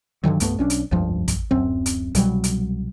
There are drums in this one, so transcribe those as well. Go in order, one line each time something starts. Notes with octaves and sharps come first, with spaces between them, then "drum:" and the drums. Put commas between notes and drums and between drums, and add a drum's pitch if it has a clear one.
G2 D3 D#3 F#3
C2 G2 A3 B3, drum: hi-hat
B1 C#4 D4
drum: hi-hat
F1 C#2 G2 F3
drum: kick, hi-hat
D1 F#2 C4
drum: hi-hat
C2 B2 F#3 G3, drum: hi-hat
drum: hi-hat